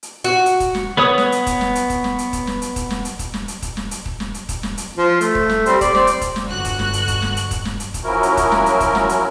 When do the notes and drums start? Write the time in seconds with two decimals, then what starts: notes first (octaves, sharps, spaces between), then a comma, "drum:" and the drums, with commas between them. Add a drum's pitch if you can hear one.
0.03 drum: hi-hat
0.24 F#4
0.46 drum: hi-hat
0.60 drum: kick D#1, hi-hat
0.75 drum: snare
0.97 B3 B4 C#5 D#6
1.18 drum: snare
1.32 drum: hi-hat
1.47 drum: kick D#1, hi-hat
1.61 drum: snare
1.75 drum: hi-hat
1.90 drum: kick D#1, hi-hat
2.04 drum: snare
2.19 drum: hi-hat
2.33 drum: kick D#1, hi-hat
2.47 drum: snare
2.62 drum: hi-hat
2.76 drum: kick D#1, hi-hat
2.90 drum: snare
3.05 drum: hi-hat
3.19 drum: kick D#1, hi-hat
3.34 drum: snare
3.48 drum: hi-hat
3.62 drum: kick D#1, hi-hat
3.77 drum: snare
3.91 drum: hi-hat
4.06 drum: kick D#1
4.20 drum: snare
4.34 drum: hi-hat
4.49 drum: kick D#1, hi-hat
4.63 drum: snare
4.78 drum: hi-hat
4.97 F3
5.21 A3, drum: hi-hat
5.35 drum: kick D#1
5.49 drum: snare
5.66 G3 C4, drum: hi-hat
5.81 D5, drum: kick D#1, hi-hat
5.95 C4 D5, drum: snare
6.07 drum: hi-hat
6.21 drum: kick D#1, hi-hat
6.36 drum: snare
6.47 G1 F#4 F#6
6.65 drum: kick D#1, hi-hat
6.79 drum: snare
6.93 drum: hi-hat
7.08 drum: kick D#1, hi-hat
7.22 drum: snare
7.37 drum: hi-hat
7.51 drum: kick D#1, hi-hat
7.65 drum: snare
7.80 drum: hi-hat
7.94 drum: kick D#1, hi-hat
8.03 F3 F#3 C#4 E4 F#4 A#4
8.23 drum: hi-hat
8.37 drum: kick D#1, hi-hat
8.52 drum: snare
8.66 drum: hi-hat
8.80 drum: kick D#1, hi-hat
8.95 drum: snare
9.09 drum: hi-hat